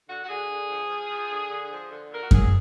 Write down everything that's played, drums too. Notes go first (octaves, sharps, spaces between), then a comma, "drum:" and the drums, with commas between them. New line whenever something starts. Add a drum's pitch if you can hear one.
D3 F#4
F#4
D3 G#4
D3
F3
F3
F3
D3
D3
F3
D3
A#2 A#4
F#4
F#3 G#4, drum: kick F#2